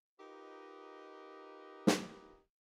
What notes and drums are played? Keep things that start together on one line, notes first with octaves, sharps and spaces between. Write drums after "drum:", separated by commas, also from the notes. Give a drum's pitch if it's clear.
D#4 F4 G4 A#4 B4 D#5
drum: snare